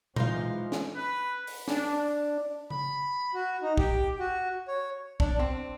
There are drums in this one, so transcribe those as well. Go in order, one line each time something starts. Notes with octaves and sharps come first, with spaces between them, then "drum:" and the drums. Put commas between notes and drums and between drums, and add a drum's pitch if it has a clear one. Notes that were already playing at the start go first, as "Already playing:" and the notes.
E3 F3 G#3 D#4 C5 F5, drum: tom A#2
drum: snare
B4
drum: open hi-hat
D4, drum: snare
B5, drum: tom C#3
F#4
D#4
G4, drum: kick
F#4
C#5
D4, drum: kick
C4